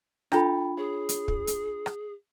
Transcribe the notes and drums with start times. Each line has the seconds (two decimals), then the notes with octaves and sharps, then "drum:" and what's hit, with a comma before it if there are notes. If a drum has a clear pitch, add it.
0.32 D4 F4 A4 G5 A#5 B5, drum: rim click
0.77 G#4 C#5
1.09 drum: hi-hat
1.28 drum: kick
1.47 drum: hi-hat
1.86 drum: rim click